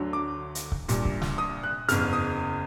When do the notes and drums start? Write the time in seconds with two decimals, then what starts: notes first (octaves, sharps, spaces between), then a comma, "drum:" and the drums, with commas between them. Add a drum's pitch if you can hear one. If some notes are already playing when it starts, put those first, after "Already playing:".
Already playing: D2 D3 F#3
0.13 D6
0.55 drum: hi-hat
0.72 drum: kick C#1
0.89 A#1 A#2 G3, drum: hi-hat
1.05 drum: kick C#1
1.22 drum: snare
1.38 D#6
1.63 F#6
1.89 F#1 E2 C#3 F6, drum: hi-hat
2.13 D#6